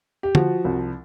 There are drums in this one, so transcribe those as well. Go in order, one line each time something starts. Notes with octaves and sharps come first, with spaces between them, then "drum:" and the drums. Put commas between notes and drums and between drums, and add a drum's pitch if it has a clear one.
G4
F3 F#4, drum: tom
C2